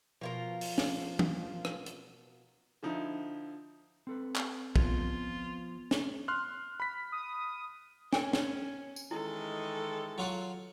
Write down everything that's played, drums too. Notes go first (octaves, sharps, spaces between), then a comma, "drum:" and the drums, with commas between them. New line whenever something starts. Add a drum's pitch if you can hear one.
B2 F3 F4 A#4
drum: open hi-hat
drum: snare
drum: tom
drum: rim click
drum: hi-hat
D3 F3 D#4 E4
C4 A4 B4
drum: clap
F3 B3 F4 G#6, drum: kick
drum: snare
C6 F6 F#6
B5 B6
D#6
C#4 A#4 G5 G#5, drum: snare
drum: snare
drum: tambourine
D#3 E3 G#3 E4 A4
F#3 F4 F#4